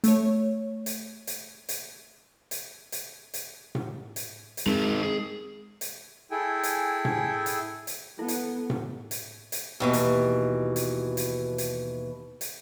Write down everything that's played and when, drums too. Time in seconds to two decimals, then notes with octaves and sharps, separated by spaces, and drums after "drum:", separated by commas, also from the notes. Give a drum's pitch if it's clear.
0.04 A3 C#5, drum: hi-hat
0.86 drum: hi-hat
1.27 drum: hi-hat
1.69 drum: hi-hat
2.51 drum: hi-hat
2.92 drum: hi-hat
3.34 drum: hi-hat
3.75 drum: tom A2
4.16 drum: hi-hat
4.57 drum: hi-hat
4.66 G#3 C4 D#4 A#4 C5
5.03 G#4
5.81 drum: hi-hat
6.31 E4 G#4 A4 G5 G#5
6.63 drum: hi-hat
7.05 drum: tom A2
7.46 drum: hi-hat
7.87 drum: hi-hat
8.19 B3 E4 A4
8.28 drum: hi-hat
8.70 drum: tom A2
9.11 drum: hi-hat
9.52 drum: hi-hat
9.80 D#2 B2 E3
9.93 drum: hi-hat
10.76 drum: hi-hat
11.17 drum: hi-hat
11.58 drum: hi-hat
12.41 drum: hi-hat